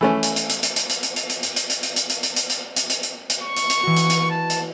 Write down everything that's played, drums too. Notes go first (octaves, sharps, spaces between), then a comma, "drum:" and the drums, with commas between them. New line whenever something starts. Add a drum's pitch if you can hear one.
E3 A3 C#4
drum: hi-hat
drum: hi-hat
drum: hi-hat
drum: hi-hat
drum: hi-hat
drum: hi-hat
drum: hi-hat
drum: hi-hat
drum: hi-hat
drum: hi-hat
drum: hi-hat
drum: hi-hat
drum: hi-hat
drum: hi-hat
drum: hi-hat
drum: hi-hat
drum: hi-hat
drum: hi-hat
drum: hi-hat
drum: hi-hat
drum: hi-hat
drum: hi-hat
C#6
drum: hi-hat
drum: hi-hat
E3 F#4
drum: hi-hat
drum: hi-hat
A5
drum: hi-hat